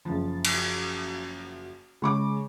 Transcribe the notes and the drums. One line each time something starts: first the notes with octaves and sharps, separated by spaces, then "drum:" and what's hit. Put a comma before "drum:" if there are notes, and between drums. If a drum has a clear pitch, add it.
F#1 F3 A6
drum: cymbal
F#4
C#3 G#3 C#6 D6